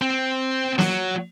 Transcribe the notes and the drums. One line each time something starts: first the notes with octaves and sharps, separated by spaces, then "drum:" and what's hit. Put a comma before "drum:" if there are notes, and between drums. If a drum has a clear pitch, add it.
C4
F#3, drum: snare